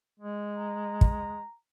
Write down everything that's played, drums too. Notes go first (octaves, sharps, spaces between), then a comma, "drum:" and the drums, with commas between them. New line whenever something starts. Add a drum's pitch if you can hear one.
G#3
A#5
drum: kick